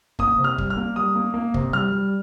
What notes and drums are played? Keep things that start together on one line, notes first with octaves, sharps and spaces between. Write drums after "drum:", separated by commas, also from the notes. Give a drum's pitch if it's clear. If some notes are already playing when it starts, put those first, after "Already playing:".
A#3 D#6, drum: kick
C3
F6
G3, drum: kick
F6
A#3
G3 D#6
A#3
A#3
C3, drum: kick
G3 F6
G3